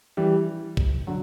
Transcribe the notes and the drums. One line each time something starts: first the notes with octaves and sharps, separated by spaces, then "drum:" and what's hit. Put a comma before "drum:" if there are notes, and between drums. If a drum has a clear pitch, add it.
E3 G3
drum: kick B1
D3 F#3